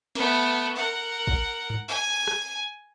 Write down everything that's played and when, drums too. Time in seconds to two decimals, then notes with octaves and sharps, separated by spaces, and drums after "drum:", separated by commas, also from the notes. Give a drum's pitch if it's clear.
0.15 A3 B3, drum: snare
0.75 A#4 F#5
1.27 drum: kick
1.70 drum: tom G2
1.88 G#5
2.27 drum: rim click